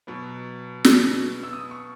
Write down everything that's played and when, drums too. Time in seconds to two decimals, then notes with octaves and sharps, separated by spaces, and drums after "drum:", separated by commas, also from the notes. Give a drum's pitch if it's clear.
0.07 B2 F#3 B3
0.85 drum: snare
1.43 E6
1.53 D#6
1.71 C#6